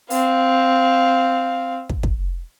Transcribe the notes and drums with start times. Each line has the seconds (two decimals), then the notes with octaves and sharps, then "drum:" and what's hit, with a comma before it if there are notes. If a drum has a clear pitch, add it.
0.10 C4 F5, drum: open hi-hat
1.89 drum: kick
2.03 drum: kick